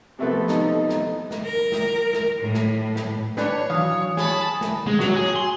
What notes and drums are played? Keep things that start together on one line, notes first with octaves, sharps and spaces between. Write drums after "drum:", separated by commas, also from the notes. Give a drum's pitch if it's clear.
C3 F3 A3 B3 A4
D#4, drum: snare
drum: snare
drum: snare
A#4
drum: snare
drum: snare
A2
drum: snare
drum: snare
D4 B4 C#5, drum: snare
E3 F#3 F5 D#6
G#4 C#5 A5 B5, drum: snare
drum: snare
G#3
F#3, drum: snare
G#4
C6